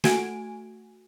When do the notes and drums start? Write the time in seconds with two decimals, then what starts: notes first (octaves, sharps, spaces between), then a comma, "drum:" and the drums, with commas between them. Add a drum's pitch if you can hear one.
0.04 A3 F#4 G#5 D7, drum: snare